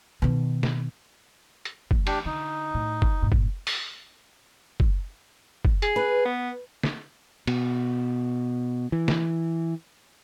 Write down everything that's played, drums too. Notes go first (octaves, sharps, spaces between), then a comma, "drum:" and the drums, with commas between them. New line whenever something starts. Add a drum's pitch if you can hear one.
B2 D#3
drum: snare
drum: hi-hat
E3 A3, drum: kick F#1
D4 G4, drum: cymbal
D3 D#4
A2
drum: kick F#1
G2 A#2
drum: kick F#1
drum: open hi-hat
drum: kick F#1
drum: kick F#1
G#4, drum: hi-hat
B4
B3
drum: snare
B2, drum: cymbal
E3
drum: snare